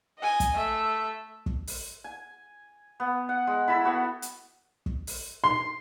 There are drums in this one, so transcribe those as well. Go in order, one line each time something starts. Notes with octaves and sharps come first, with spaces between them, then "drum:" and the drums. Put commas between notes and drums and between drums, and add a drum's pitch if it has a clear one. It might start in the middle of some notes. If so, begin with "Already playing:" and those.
D#5 G#5
drum: kick, hi-hat
A3 E5
drum: kick
drum: open hi-hat
G#5
B3
F#5
G#3
E4 A4 B5 E6
B3 F#4 G5
drum: hi-hat
drum: kick
drum: open hi-hat
C6